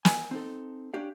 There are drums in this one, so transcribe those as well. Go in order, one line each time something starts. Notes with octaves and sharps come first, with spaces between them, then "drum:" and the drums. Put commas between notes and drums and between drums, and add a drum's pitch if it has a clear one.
G#5, drum: snare
C4 D#4 A4
C#4 D4 G4 F5